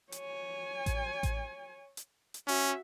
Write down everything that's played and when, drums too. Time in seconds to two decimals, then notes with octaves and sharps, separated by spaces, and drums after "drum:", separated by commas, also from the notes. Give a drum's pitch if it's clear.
0.12 C#5 G#5, drum: hi-hat
0.86 drum: kick A1, hi-hat
1.23 drum: kick A1, hi-hat
1.97 drum: hi-hat
2.34 drum: hi-hat
2.47 C#4 F#4 E5